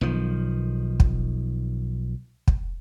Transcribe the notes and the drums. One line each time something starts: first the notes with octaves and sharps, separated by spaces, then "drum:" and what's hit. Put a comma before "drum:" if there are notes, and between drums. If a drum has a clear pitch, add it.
B1 D#3 F3
drum: kick
drum: kick